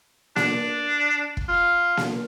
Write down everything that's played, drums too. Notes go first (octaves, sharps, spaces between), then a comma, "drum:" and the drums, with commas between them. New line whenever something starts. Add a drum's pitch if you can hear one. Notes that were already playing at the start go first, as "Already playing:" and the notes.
D4, drum: snare A#3
drum: kick F1
F4
drum: snare A#3